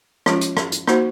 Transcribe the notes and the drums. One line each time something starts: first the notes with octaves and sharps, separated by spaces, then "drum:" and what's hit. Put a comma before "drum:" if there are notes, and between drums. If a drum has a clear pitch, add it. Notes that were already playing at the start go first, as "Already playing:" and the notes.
F3 G#3 C#4 F4, drum: rim click
drum: hi-hat
drum: rim click
drum: hi-hat
A#3 D#4 F#4 C5, drum: rim click